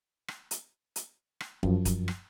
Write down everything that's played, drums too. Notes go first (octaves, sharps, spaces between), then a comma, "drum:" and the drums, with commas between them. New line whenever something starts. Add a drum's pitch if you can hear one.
drum: rim click
drum: hi-hat
drum: hi-hat
drum: rim click
F#2 F3, drum: kick
drum: kick, hi-hat
drum: rim click